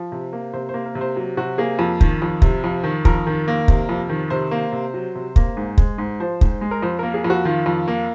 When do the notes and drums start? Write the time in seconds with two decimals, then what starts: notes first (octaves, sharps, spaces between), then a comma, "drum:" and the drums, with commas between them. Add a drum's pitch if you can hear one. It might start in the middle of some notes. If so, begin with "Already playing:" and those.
Already playing: F3
0.12 C3
0.33 A#3
0.53 C3 C5
0.69 C5
0.74 A#3
0.85 A#4
0.95 C3
1.01 C5
1.17 F#3
1.37 C3 F#4
1.58 A#3 G#4
1.79 F2
2.01 D#3, drum: kick
2.22 F2
2.42 C3, drum: kick
2.64 F2
2.84 D#3
3.05 F2 A#4, drum: kick
3.27 D#3
3.48 A#3
3.68 C3, drum: kick
3.89 F2
4.09 D#3
4.30 C3 C5
4.51 A#3
4.72 C3
4.94 F#3
5.15 C3
5.36 A#3, drum: kick
5.57 G#2
5.78 G#3, drum: kick
5.98 G#2
6.20 F3 C5
6.41 G#2, drum: kick
6.61 G#3
6.71 A#4
6.82 F2 C5
6.99 A#3 A#4
7.14 G#4
7.24 F2
7.30 F#4
7.45 D#3 F4
7.66 F2
7.88 A#3